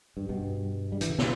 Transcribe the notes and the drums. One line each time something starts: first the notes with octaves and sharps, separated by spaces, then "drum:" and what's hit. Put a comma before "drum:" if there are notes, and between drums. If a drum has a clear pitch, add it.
G2
G2 B2
G3
E3, drum: hi-hat
D3
B2, drum: snare